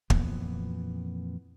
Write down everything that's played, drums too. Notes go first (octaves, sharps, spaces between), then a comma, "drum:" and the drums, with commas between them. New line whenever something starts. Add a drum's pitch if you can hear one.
F2 A#2 E3 B3, drum: kick